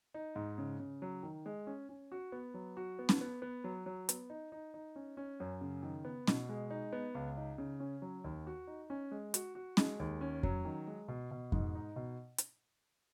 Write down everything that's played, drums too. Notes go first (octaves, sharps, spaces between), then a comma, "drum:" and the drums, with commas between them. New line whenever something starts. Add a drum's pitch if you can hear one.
D#4
G#2
C#3
C#3
F#3
D#3
G#3
C#4
C#4
F#4
B3
F#3
F#4
B3
drum: snare C#4
B3
B3
F#3
F#3
B3, drum: hi-hat
D#4
D#4
D#4
C#4
C#4
F#2
C#3
D#3
B3
B2, drum: snare C#4
G#3
D#4
B3
C#2
D#4
C#3
C#4
F#3
D#2
F#4
D#4
C#4
G#3
F#4, drum: hi-hat
F#4
G#3, drum: snare C#4
D#2
C#4
F#3, drum: kick F2
D#3
G#3
B2
B2
G#2, drum: kick F2
D#4
B2
drum: hi-hat